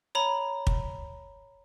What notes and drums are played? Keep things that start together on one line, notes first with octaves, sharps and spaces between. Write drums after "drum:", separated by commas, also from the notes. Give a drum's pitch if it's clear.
C#5 A#5 B5
drum: kick